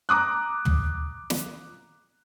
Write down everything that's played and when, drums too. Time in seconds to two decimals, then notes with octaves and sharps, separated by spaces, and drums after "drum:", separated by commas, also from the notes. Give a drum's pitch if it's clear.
0.09 A#5 D6 D#6 F#6
0.65 drum: tom
1.30 drum: snare